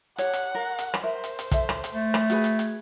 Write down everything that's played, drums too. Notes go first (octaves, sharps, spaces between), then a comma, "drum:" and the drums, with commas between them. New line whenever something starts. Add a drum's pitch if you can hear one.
G4 C#5 F#5, drum: hi-hat
drum: hi-hat
A#4
drum: hi-hat
drum: rim click
A#4 C5 E5
drum: hi-hat
drum: hi-hat
A4 E5, drum: kick, hi-hat
drum: rim click
drum: hi-hat
A3
drum: rim click
F#4 G#4 B4, drum: hi-hat
drum: hi-hat
drum: hi-hat